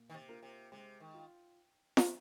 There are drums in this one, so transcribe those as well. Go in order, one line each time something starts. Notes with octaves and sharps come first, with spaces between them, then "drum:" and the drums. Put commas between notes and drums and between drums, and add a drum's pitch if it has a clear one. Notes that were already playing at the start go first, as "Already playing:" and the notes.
Already playing: A#2
D#3
C3
A#3 F4 A#4
C3
C3 G#3
D#3
F4
drum: snare F4